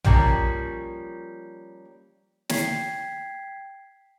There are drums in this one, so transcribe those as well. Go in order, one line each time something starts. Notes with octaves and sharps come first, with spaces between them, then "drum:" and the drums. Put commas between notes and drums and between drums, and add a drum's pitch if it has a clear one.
F3 G3 A#3 C#4, drum: tom B1
G5 G#6 B6 C7, drum: snare